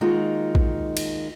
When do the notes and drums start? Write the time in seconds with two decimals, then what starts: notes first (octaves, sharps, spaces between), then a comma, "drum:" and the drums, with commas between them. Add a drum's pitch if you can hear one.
0.01 D#3 G#3 A#3 D#4 F4 F#4
0.55 drum: kick
0.97 drum: cymbal